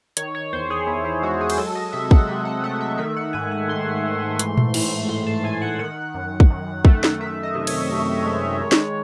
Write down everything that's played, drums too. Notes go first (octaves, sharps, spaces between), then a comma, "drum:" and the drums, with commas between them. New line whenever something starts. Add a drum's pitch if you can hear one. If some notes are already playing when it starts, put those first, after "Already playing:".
D#3 C#5, drum: hi-hat
C#5
E2 C5
G#4
E2 E4
E4
G#3 F#4
G#4
C5, drum: cymbal
F#3 A4
D#5
C3 E5
F#5, drum: kick
C3 E5
F#5
A3 F#5
E5
D#3 E5
F#5
G#2 G#5
G#5
G#2 C6
A3
E3, drum: hi-hat
drum: tom A#2
A2, drum: cymbal
A2 C6
A5
A3 G#5
F#5
D#3 F#5
F#2
drum: kick
F#2
A3, drum: kick
drum: snare
D#3 E5
D#5
C3
C#5, drum: cymbal
C3
G#3
D#3
drum: snare